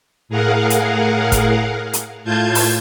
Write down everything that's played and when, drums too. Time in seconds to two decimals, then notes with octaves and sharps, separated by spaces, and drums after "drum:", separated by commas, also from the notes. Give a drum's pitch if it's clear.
0.29 A2 G#4 A#4 F5 F#5
0.70 drum: hi-hat
1.32 drum: kick, hi-hat
1.93 drum: hi-hat
2.24 A2 F4 A5 G6 G#6
2.55 drum: open hi-hat